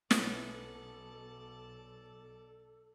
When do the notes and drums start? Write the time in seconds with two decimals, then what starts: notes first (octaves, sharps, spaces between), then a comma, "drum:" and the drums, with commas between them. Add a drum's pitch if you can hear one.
0.11 B1 B3 C#4 D#4 A4 D5 A5, drum: snare